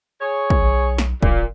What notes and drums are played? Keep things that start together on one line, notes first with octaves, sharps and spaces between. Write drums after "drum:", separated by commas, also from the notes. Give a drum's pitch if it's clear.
G#4 C#5
drum: kick
B1
drum: snare
D1 A#2, drum: kick